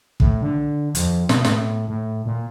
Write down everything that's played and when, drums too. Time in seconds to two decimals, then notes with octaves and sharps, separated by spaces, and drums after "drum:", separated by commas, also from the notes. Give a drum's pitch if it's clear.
0.20 A2, drum: kick
0.42 D3
0.95 F2, drum: hi-hat
1.29 B2, drum: snare
1.45 A2, drum: snare
1.88 A2
2.25 A#2